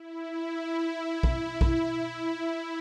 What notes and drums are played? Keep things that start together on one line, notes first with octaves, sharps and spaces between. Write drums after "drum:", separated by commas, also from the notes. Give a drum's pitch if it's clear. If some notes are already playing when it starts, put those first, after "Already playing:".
Already playing: E4
drum: kick A#1
drum: kick A#1